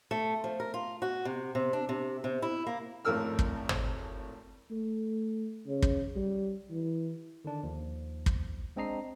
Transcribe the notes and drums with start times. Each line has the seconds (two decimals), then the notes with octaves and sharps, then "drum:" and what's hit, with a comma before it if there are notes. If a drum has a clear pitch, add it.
0.11 A3
0.44 F3
0.60 A#4
0.74 F4
1.02 F#4
1.25 C3
1.55 C3
1.73 D4
1.89 C3
2.24 C3
2.42 E4
2.66 A#3
3.05 G#1 F2 A2 A#4 E6 F6
3.39 drum: kick
3.69 drum: tom G#1
4.71 A3
5.67 C#3
5.82 drum: kick
6.16 G3
6.70 E3
7.45 D3 D#3 D4
7.63 D#2 F3
8.26 drum: kick
8.76 G#3 C4 D4 D#5 A#5 C7